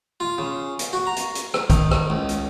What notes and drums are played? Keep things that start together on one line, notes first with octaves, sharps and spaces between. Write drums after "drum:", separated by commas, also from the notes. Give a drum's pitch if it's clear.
F4
C#3
drum: hi-hat
F#4
A#5
drum: hi-hat
drum: hi-hat
drum: rim click
D#3, drum: kick, hi-hat
drum: rim click
C#2
drum: hi-hat